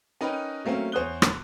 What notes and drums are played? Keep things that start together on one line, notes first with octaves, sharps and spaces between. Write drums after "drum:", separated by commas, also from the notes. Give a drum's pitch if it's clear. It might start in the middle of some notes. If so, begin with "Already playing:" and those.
C#4 D#4 A#4 B4 D#5 G5
F#3 A3 A#3 C4 C#4
E2 C5 C#5 D#6 F#6 G7
drum: rim click